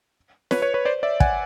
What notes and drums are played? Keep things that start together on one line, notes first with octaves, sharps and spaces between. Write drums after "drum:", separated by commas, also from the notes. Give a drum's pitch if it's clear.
B4 C#5, drum: snare
B4 C#5
B4 C#5
C5 D5
D5 E5
F#5 G#5, drum: kick